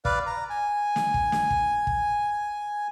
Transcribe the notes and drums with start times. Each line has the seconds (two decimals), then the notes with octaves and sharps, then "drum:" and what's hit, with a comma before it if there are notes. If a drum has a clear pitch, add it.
0.05 B4 D5 F5, drum: kick
0.27 A#5
0.50 G#5
0.96 drum: snare
1.14 drum: kick
1.32 drum: snare
1.50 drum: kick
1.87 drum: kick